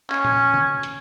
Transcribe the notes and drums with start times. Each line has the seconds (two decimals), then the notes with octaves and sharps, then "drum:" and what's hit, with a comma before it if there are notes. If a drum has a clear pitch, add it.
0.10 C#4, drum: clap
0.25 drum: tom A#2
0.54 drum: tom C#3
0.83 drum: hi-hat